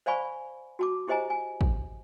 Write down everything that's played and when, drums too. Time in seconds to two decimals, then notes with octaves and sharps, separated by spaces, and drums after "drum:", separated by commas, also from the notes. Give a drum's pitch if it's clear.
0.06 C5 D5 F5 G#5 B5 C#6
0.79 F#4 A5 D6
1.08 E4 G4 C5 D#5 G#5 A#5
1.30 G#5
1.61 drum: kick